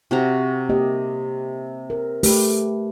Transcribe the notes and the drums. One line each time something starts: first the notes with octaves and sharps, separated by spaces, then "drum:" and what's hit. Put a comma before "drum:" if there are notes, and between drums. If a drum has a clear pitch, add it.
C3 F#4 A#5
A#3 G4 D#5
A#4
A3 G4 B4, drum: open hi-hat